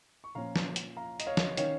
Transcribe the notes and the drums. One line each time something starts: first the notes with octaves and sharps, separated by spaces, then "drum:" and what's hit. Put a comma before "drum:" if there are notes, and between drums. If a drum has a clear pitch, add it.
C#6
A#2 F3 C#4 F5 A#5
drum: snare
drum: hi-hat
F5 A#5
D#5, drum: hi-hat
C#5 F5
drum: snare
D#3 C#4 C#5 F5, drum: hi-hat